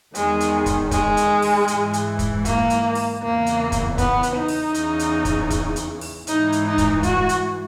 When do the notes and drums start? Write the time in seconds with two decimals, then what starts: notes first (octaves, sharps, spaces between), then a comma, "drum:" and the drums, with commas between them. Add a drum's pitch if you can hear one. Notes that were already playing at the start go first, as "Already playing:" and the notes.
0.15 E2 D#3 G#3, drum: hi-hat
0.40 drum: hi-hat
0.66 drum: kick, hi-hat
0.91 G#3, drum: kick, hi-hat
1.17 drum: hi-hat
1.42 drum: open hi-hat
1.68 G#2 E3, drum: hi-hat
1.93 drum: hi-hat
2.19 drum: kick, hi-hat
2.45 A#3, drum: kick, hi-hat
2.70 drum: hi-hat
2.95 drum: open hi-hat
3.21 E2 C#3 E3 A#3
3.46 drum: hi-hat
3.72 drum: kick, hi-hat
3.98 B3, drum: kick, hi-hat
4.23 drum: hi-hat
4.35 D#4
4.48 drum: open hi-hat
4.74 E2 C#3 E3, drum: hi-hat
4.99 drum: hi-hat
5.25 drum: kick, hi-hat
5.50 drum: kick, hi-hat
5.76 drum: hi-hat
6.01 drum: open hi-hat
6.27 G#2 E3 D#4, drum: hi-hat
6.52 drum: hi-hat
6.66 D#4
6.78 drum: kick, hi-hat
7.03 F#4, drum: kick, hi-hat
7.29 drum: hi-hat